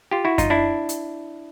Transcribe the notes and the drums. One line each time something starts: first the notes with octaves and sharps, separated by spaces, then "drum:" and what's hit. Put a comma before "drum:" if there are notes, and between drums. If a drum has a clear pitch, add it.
F4 G4
E4 F#4
D#4 F4, drum: kick F#2, hi-hat
D4 E4
drum: hi-hat